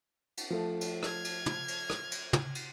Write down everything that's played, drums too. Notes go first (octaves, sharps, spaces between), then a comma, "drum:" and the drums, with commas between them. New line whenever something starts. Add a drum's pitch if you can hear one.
drum: cymbal
F3 A3
drum: cymbal
F6 G#6, drum: rim click
drum: cymbal
drum: tom
drum: cymbal
drum: rim click
drum: cymbal
drum: tom
drum: cymbal